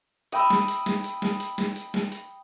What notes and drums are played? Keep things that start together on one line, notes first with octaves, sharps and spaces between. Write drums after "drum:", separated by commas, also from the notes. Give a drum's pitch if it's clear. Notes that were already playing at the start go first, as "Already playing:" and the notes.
D#5 G5 B5 E6, drum: hi-hat
drum: snare
drum: hi-hat
drum: snare
drum: hi-hat
drum: snare
drum: hi-hat
drum: snare
drum: hi-hat
drum: snare
drum: hi-hat